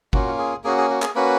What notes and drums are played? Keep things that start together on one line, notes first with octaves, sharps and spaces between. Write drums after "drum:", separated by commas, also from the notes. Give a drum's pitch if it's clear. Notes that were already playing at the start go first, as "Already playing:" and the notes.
A#3 C#4 F4 F#4, drum: kick G1
G#4
A#3 C#4 F#4 G#4
G#4
F#4
G#4, drum: clap
A#3 C#4 F#4 B4